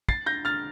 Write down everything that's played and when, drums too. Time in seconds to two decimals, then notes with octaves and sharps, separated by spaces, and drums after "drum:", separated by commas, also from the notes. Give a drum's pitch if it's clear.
0.09 A6 C7, drum: kick
0.26 G6 A#6
0.45 F6 A6